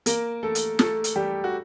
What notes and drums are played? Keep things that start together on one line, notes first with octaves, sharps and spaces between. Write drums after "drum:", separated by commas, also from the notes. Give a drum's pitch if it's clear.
A#3 A#4, drum: hi-hat
A3 A4
drum: hi-hat
A3 A4, drum: snare
drum: hi-hat
G3 G4
F#4